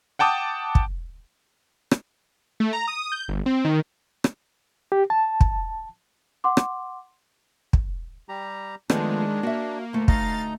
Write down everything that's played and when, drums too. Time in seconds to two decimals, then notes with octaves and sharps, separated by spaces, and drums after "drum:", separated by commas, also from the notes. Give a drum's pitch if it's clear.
0.19 F#5 G5 A5 D6 D#6
0.75 drum: kick
1.91 drum: rim click
2.60 A3
2.73 A#5
2.88 D#6
3.12 G6
3.28 G1
3.46 C4
3.65 D#3
4.24 drum: rim click
4.92 G4
5.10 A5
5.41 drum: kick
6.44 F#5 C6 D6
6.57 drum: rim click
7.73 drum: kick
8.29 G3 G4 A#5
8.90 D#3 F3 G#3 A3 B3 D4, drum: rim click
9.43 A#3 F#4 E5
9.93 D2 A3
10.08 D#4 D#5 F5 A#5 A6, drum: kick